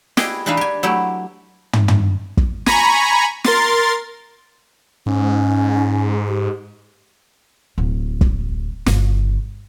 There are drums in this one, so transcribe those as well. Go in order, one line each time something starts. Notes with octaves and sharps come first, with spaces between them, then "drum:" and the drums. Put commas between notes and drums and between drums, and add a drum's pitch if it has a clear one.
E4 G4 G#4 B4 D#5 G5, drum: snare
E3 D4 D#4 B4 E5 F5
G4 G#5
F#3 A3 E4 G4
drum: tom
drum: tom
drum: kick
G#5 A#5 B5 C#6, drum: snare
A#4 C6 A6, drum: snare
G#2 C#4
G4
D1
drum: kick
G1 C#3, drum: snare